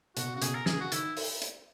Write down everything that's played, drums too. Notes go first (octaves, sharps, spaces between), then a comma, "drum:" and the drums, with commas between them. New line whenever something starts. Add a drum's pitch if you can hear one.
B2 F#4, drum: hi-hat
C#3 F#4
B2 G#4, drum: hi-hat
A#4
C#3 G#4, drum: snare
F#4
D#3 E4, drum: hi-hat
drum: open hi-hat
drum: hi-hat